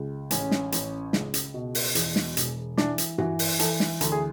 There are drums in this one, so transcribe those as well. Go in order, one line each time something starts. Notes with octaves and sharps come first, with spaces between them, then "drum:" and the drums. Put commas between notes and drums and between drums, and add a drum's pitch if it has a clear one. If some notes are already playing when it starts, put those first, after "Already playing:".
Already playing: C#2
A1 C#4, drum: hi-hat
drum: snare
A1, drum: hi-hat
C#2, drum: snare
drum: hi-hat
B2
drum: open hi-hat
E2, drum: hi-hat
drum: snare
E1, drum: hi-hat
E3 D4, drum: snare
drum: hi-hat
E3 F#4, drum: tom G2
drum: open hi-hat
E3 A4, drum: hi-hat
drum: snare
D2 A4, drum: hi-hat
G#4